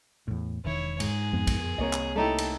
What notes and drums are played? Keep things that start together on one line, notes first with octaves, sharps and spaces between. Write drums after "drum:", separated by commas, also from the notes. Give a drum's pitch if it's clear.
E2 A2
E1 D#3 E4 C#5
G#2 G#4, drum: cymbal
F2 F3 B3
drum: kick, cymbal
C2 A#3 C4 A#4 C#5 D#5
drum: clap
A3 D#4 E4 G4 A4
drum: cymbal